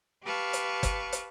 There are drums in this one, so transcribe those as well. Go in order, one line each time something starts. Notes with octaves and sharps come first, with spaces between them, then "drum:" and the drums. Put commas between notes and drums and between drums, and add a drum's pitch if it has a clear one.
G4 B4 F5 A5 C#6
drum: hi-hat
drum: kick, hi-hat
drum: hi-hat